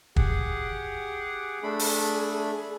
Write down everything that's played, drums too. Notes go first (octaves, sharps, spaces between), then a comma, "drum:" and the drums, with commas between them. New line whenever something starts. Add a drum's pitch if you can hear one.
G4 G#4 F#5, drum: kick
A3 D4 G#4 B5
drum: open hi-hat